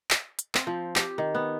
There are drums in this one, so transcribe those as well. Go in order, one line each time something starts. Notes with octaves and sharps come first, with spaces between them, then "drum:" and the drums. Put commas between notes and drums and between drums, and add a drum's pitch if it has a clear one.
drum: clap
drum: hi-hat
C4, drum: clap
F3
G4, drum: clap
D#3
B3